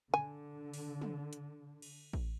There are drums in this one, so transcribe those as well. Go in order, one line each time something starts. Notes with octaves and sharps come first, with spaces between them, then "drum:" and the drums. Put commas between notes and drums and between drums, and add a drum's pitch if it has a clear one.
D3 G#5
drum: open hi-hat
drum: tom
drum: hi-hat
drum: cymbal
drum: kick A1